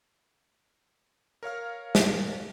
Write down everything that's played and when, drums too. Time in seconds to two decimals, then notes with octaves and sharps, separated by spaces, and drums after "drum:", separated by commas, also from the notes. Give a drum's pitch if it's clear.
1.43 A#4 C#5 F5 F6
1.95 drum: snare